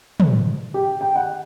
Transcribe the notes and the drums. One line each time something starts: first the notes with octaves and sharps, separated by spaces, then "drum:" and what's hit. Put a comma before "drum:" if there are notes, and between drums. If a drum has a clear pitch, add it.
drum: tom
G4
G5
F#5